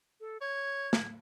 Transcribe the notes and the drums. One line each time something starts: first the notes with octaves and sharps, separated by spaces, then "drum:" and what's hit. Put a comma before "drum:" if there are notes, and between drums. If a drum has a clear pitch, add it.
A4
C#5 G#6
drum: snare